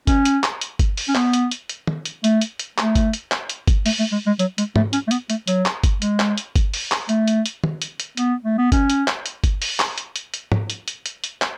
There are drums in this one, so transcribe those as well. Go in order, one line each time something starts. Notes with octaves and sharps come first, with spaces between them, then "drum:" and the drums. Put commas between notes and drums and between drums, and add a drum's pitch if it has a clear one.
C#4, drum: kick G1, hi-hat
drum: hi-hat
drum: clap
drum: hi-hat
drum: kick G1, hi-hat
drum: open hi-hat
C#4
B3, drum: clap
drum: hi-hat
drum: hi-hat
drum: hi-hat
drum: tom
drum: hi-hat
A3, drum: hi-hat
drum: hi-hat
drum: hi-hat
A3, drum: clap
drum: kick G1, hi-hat
drum: hi-hat
drum: clap
drum: hi-hat
drum: kick G1, hi-hat
A3, drum: open hi-hat
A3
G#3
G#3
F#3, drum: hi-hat
G#3, drum: hi-hat
A3, drum: tom
C#4, drum: hi-hat
A3
B3, drum: hi-hat
A3, drum: hi-hat
F#3, drum: hi-hat
drum: clap
drum: kick G1, hi-hat
G#3, drum: hi-hat
drum: clap
drum: hi-hat
drum: kick G1, hi-hat
drum: open hi-hat
drum: clap
A3, drum: hi-hat
drum: hi-hat
drum: hi-hat
drum: tom
drum: hi-hat
drum: hi-hat
B3, drum: hi-hat
A3
B3
C#4, drum: kick G1, hi-hat
drum: hi-hat
drum: clap
drum: hi-hat
drum: kick G1, hi-hat
drum: open hi-hat
drum: clap
drum: hi-hat
drum: hi-hat
drum: hi-hat
drum: tom
drum: hi-hat
drum: hi-hat
drum: hi-hat
drum: hi-hat
drum: clap